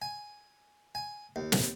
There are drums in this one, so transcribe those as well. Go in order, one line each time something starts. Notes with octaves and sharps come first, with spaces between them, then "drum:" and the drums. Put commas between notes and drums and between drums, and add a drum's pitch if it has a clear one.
G#5
G#5
D#2
drum: snare